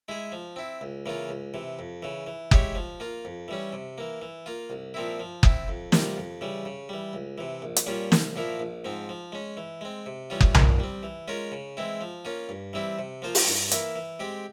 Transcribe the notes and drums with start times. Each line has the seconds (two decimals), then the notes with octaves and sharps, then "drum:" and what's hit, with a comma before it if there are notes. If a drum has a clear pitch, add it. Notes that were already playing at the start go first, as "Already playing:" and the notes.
0.08 G#3 E4 G#4
0.32 F3
0.56 C4 E4
0.81 C#2
1.06 C#3 E3 A#3 F4
1.29 C#2
1.54 C3 E3
1.79 F2
2.02 C#3 E3
2.27 E3
2.51 G#3 E4 G4 C#5, drum: kick F#1
2.75 F3
3.00 A#3 F4
3.25 F2
3.48 E3 G3 C#4
3.73 C3
3.98 E3 A#3
4.22 E3
4.46 A#3 F4
4.70 C2
4.94 A#2 F3 C4 E4
5.20 F3
5.43 C4 E4, drum: kick F#1
5.68 F2
5.92 C3 G3 A#3 F4, drum: snare
6.17 F2
6.41 C#3 E3 G3
6.65 C#3
6.89 E3 G3
7.13 C#2
7.38 C3 E3
7.62 A#1
7.76 drum: hi-hat
7.86 A#2 G3 C#4 F4
8.12 C2, drum: snare
8.36 A#2 F3 A#3 E4
8.60 A#1
8.84 G#2 F3 C4
9.09 F3
9.32 G#3 C#4
9.57 E3
9.81 G#3 C4
10.06 C3
10.30 E3 G3 C#4 F4
10.41 drum: kick F#1
10.54 A#2, drum: tom B1
10.80 G3 C4
11.03 E3
11.28 G#3 C#4 F4 A#4
11.52 C#3
11.77 E3 G#3 C4 E4
12.01 F3
12.25 A#3 C#4 F4
12.49 G2
12.73 E3 G3 C4 E4
12.99 C3
13.22 F3 A#3 F4 C5
13.35 drum: open hi-hat
13.46 G2
13.71 E3 A#3 E4, drum: hi-hat
13.96 E3
14.20 G#3 C4 G4